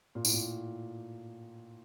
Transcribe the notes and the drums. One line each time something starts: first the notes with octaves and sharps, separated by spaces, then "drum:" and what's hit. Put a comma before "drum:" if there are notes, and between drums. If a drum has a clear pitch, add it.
A#2
A2, drum: tambourine
A#2